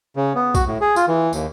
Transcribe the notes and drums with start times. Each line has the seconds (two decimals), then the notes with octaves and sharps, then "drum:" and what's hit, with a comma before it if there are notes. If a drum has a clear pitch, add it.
0.16 C#3
0.35 B3
0.55 F#4, drum: kick A#1, tambourine
0.67 A2
0.81 G#4
0.96 F4, drum: tambourine
1.08 E3
1.33 D#2, drum: tambourine